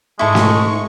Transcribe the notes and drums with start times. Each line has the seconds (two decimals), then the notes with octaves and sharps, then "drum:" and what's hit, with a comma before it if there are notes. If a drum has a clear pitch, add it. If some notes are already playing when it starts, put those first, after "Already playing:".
0.19 G#2 G#3 E4 A4 C#6
0.35 drum: snare